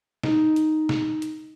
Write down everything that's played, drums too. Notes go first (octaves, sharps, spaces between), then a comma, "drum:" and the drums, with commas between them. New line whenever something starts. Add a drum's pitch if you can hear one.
D#4, drum: snare
drum: hi-hat
drum: snare
drum: hi-hat